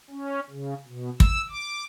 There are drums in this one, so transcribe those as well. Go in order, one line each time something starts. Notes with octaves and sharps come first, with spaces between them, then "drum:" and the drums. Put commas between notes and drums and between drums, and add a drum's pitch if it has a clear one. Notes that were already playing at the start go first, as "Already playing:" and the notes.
C#4
C#3
B2
E6, drum: kick
D6